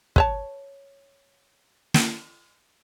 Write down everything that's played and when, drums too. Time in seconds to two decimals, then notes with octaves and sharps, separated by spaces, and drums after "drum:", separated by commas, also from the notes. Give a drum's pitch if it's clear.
0.16 B4 C#5 A5, drum: kick
1.94 drum: snare